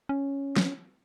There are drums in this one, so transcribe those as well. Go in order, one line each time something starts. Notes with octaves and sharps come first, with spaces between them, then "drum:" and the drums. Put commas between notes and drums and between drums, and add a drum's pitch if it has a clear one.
C#4
drum: snare